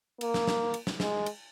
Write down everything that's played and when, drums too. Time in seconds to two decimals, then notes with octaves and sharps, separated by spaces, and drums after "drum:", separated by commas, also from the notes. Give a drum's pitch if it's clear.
0.21 A#3, drum: cymbal
0.34 drum: snare
0.47 drum: snare
0.74 drum: cymbal
0.87 drum: snare
1.00 G#3, drum: snare
1.26 drum: cymbal